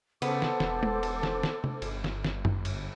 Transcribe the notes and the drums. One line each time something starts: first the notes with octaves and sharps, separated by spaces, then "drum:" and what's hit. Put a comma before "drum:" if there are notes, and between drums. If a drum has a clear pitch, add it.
C#3 B3 A4 C5 D6, drum: cymbal
drum: snare
E1, drum: snare
drum: tom G#3
drum: cymbal
drum: snare
drum: snare
drum: tom C3
G1, drum: cymbal
drum: snare
drum: snare
drum: tom F#2
drum: cymbal